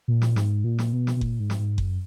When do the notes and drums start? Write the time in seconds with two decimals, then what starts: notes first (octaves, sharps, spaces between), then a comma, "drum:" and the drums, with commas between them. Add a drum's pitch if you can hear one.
0.08 A#2
0.22 drum: snare
0.36 G#2, drum: snare
0.64 A#2
0.79 drum: snare
0.93 B2
1.07 drum: snare
1.16 B2
1.21 A#2, drum: kick F#1
1.40 G#2
1.50 drum: snare
1.59 G#2
1.78 F#2, drum: kick F#1